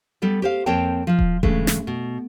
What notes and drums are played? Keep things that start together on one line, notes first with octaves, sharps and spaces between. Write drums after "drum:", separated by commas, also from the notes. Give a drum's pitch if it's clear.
G3 B3 A4 D5
G4 C5 F5
F2 A#3 C4 C#5 G5 A5
F3 F4
drum: kick D#1
G2 C#3 E3 G#3 A3, drum: kick D#1
drum: snare
B2